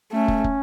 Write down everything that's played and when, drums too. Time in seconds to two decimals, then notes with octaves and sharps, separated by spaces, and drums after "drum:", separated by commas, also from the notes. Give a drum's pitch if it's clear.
0.12 A3 C#4
0.28 drum: kick
0.44 drum: kick